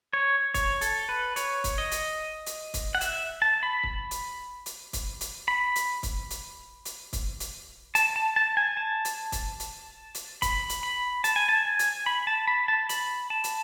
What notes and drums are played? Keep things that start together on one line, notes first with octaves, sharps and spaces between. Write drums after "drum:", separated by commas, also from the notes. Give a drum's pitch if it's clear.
C#5
C#5, drum: kick, hi-hat
A4, drum: hi-hat
B4
C#5, drum: hi-hat
drum: kick, hi-hat
D#5
drum: hi-hat
drum: hi-hat
drum: kick, hi-hat
F#5
E5, drum: hi-hat
A5
B5
drum: kick
drum: hi-hat
drum: hi-hat
drum: kick, hi-hat
drum: hi-hat
B5
drum: hi-hat
drum: kick, hi-hat
drum: hi-hat
drum: hi-hat
drum: kick, hi-hat
drum: hi-hat
A5, drum: hi-hat
A5
A5
G#5
A5
drum: hi-hat
drum: kick, hi-hat
drum: hi-hat
drum: hi-hat
B5, drum: kick, hi-hat
drum: hi-hat
B5
A5, drum: hi-hat
G#5
A5
G#5
drum: hi-hat
B5
A5
B5
A5
B5, drum: hi-hat
A5
drum: hi-hat